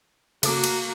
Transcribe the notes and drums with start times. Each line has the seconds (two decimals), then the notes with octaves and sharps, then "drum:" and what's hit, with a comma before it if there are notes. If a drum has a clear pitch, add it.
0.43 C#3 A#3 F#4 A4 D6, drum: cymbal
0.64 drum: cymbal